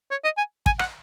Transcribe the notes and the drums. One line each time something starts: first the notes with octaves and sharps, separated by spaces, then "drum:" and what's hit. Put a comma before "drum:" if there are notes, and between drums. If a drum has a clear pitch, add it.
C#5
D#5
G#5
G#5, drum: kick
F#5, drum: rim click